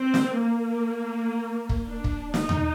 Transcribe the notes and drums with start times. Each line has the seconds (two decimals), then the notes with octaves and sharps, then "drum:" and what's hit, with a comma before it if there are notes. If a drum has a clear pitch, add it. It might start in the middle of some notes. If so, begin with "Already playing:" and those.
Already playing: C4
0.14 drum: snare
0.38 A#3
1.69 drum: kick
1.85 D4
2.04 drum: kick
2.34 D#4, drum: snare
2.49 drum: tom D#2